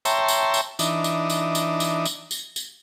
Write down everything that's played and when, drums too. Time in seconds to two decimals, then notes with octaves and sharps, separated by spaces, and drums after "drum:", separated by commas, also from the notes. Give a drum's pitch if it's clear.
0.05 C#5 E5 G5 A5 A#5 C6, drum: tambourine
0.28 drum: tambourine
0.54 drum: tambourine
0.79 E3 D4 D#4, drum: tambourine
1.04 drum: tambourine
1.30 drum: tambourine
1.55 drum: tambourine
1.80 drum: tambourine
2.05 drum: tambourine
2.31 drum: tambourine
2.56 drum: tambourine